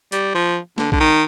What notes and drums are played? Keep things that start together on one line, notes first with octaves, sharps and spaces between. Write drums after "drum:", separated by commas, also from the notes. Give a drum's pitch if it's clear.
G3, drum: hi-hat
F3
D3, drum: snare
D3, drum: kick A#1
D#3